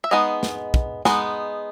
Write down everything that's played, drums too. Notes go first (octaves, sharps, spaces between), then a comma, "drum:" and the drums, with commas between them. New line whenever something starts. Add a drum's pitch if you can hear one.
E5
G#3 B3 D#4 D#5
drum: snare
drum: kick
G#3 B3 D#4, drum: snare